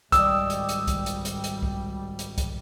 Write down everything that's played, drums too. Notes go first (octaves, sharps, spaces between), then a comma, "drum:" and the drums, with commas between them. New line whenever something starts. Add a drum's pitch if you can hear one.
G#1 G3 G4 D5 D#5 E6, drum: kick C2, hi-hat
drum: hi-hat
drum: hi-hat
drum: kick C2, hi-hat
drum: hi-hat
drum: hi-hat
drum: hi-hat
drum: kick C2
drum: hi-hat
drum: kick C2, hi-hat